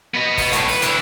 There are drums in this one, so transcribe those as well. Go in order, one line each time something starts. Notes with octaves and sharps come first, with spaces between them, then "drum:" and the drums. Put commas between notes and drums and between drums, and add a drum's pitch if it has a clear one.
B3 D#5
drum: kick, open hi-hat
C2 A2, drum: hi-hat
B4, drum: open hi-hat
D3 E4, drum: hi-hat